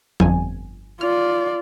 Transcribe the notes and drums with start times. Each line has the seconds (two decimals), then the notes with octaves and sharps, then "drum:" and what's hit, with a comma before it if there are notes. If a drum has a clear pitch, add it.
0.20 G1 F2 G#5, drum: tom F3
1.01 F4 D5 F6